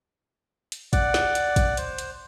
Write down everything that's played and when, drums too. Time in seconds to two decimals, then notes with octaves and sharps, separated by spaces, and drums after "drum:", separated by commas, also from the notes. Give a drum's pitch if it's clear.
0.72 drum: hi-hat
0.93 D5 F#5 D6, drum: kick, hi-hat
1.14 drum: snare
1.35 drum: hi-hat
1.56 drum: kick, hi-hat
1.77 C5, drum: hi-hat
1.98 drum: hi-hat